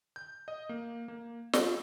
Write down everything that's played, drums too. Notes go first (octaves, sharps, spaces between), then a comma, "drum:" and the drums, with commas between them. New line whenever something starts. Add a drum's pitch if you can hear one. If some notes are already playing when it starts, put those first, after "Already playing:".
G6
D#5
A#3
A#3
G3, drum: snare